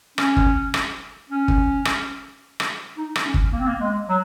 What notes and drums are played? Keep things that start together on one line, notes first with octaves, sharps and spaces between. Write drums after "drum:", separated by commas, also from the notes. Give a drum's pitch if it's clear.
C#4, drum: rim click
drum: kick
drum: rim click
C#4
drum: kick
drum: rim click
drum: rim click
D#4
drum: rim click
C#4
drum: kick
A#3
C4
A#3
G#3
F#3